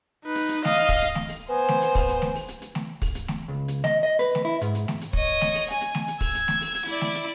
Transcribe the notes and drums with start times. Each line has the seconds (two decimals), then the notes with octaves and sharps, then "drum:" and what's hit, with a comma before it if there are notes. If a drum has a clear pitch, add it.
0.25 D#4 B4
0.35 drum: hi-hat
0.49 drum: hi-hat
0.65 D#5 F5, drum: snare A3
0.75 drum: hi-hat
0.89 drum: kick, open hi-hat
1.02 drum: hi-hat
1.15 drum: snare A3
1.29 drum: open hi-hat
1.49 B3 C5 G#5
1.69 drum: snare A3
1.82 drum: hi-hat
1.95 drum: kick, open hi-hat
2.08 drum: hi-hat
2.22 drum: snare A3
2.35 drum: open hi-hat
2.48 drum: hi-hat
2.62 drum: hi-hat
2.75 drum: snare A3
3.02 drum: kick, open hi-hat
3.15 drum: hi-hat
3.28 drum: snare A3
3.48 C#2
3.68 drum: hi-hat
3.84 D#5, drum: snare A3
4.03 D#5
4.19 B4, drum: hi-hat
4.35 drum: snare A3
4.45 E4
4.61 G#2, drum: hi-hat
4.75 drum: hi-hat
4.88 drum: snare A3
5.01 drum: hi-hat
5.13 C#5 D#5, drum: kick
5.41 drum: snare A3
5.55 drum: open hi-hat
5.71 G#5, drum: hi-hat
5.81 drum: hi-hat
5.95 drum: snare A3
6.08 drum: hi-hat
6.21 E6 G#6, drum: kick, open hi-hat
6.35 drum: hi-hat
6.48 drum: snare A3
6.61 drum: open hi-hat
6.75 drum: hi-hat
6.86 E4 D5, drum: hi-hat
7.01 drum: snare A3
7.14 drum: hi-hat